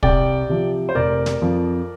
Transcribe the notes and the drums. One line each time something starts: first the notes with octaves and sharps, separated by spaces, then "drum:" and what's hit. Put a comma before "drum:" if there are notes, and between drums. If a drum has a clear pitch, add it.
C2 D5 G5, drum: kick
C3 F3
C5
F1 A#4 D5
drum: snare
F2 F3